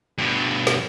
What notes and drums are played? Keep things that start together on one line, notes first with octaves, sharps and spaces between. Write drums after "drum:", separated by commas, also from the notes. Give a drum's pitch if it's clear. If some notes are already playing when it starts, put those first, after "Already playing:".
G2 B2
drum: snare